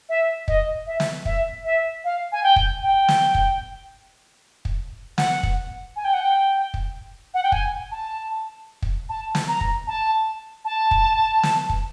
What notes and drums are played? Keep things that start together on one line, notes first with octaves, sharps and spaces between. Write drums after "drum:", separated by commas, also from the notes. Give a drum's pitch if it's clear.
E5
D#5, drum: kick
E5
drum: snare
E5, drum: kick
E5
F5
G#5
G5
drum: kick
G5
drum: snare
drum: kick
drum: kick
F#5, drum: snare
drum: kick
G#5
G5
F#5
G5
drum: kick
F#5
G5
G#5, drum: kick
A5
drum: kick
A5
drum: snare
A#5
drum: kick
A5
A5
drum: kick
drum: snare
drum: kick